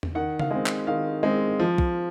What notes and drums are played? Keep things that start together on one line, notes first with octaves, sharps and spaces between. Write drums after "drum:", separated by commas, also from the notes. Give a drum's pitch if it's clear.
drum: tom E2
D#3 F#5
F5, drum: tom C#3
G#3 C4
drum: clap
D#3 F5
G#3 C4
F3
drum: kick